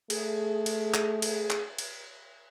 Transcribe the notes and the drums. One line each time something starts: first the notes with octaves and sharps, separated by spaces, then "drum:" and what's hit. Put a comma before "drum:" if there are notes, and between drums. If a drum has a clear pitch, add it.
A3 G#4, drum: cymbal
drum: cymbal
drum: clap
drum: cymbal
drum: clap
drum: cymbal